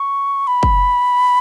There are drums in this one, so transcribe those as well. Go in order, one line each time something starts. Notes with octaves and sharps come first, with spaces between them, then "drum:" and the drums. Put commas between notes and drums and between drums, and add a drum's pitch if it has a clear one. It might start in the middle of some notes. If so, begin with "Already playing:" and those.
Already playing: C#6
B5
drum: kick F#1